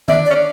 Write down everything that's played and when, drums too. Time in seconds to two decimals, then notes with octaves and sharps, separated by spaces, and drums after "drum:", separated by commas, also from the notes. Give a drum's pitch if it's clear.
0.08 D4 E5, drum: tom D3
0.26 D5
0.30 C#4
0.35 D4